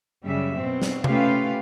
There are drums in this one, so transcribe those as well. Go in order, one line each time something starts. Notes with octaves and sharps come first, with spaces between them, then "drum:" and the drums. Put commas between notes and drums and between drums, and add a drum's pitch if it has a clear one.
F#2 C#3 G3 E5
B2 C4
drum: snare
A3 C#4 F4 G4 B4 F5, drum: tom C3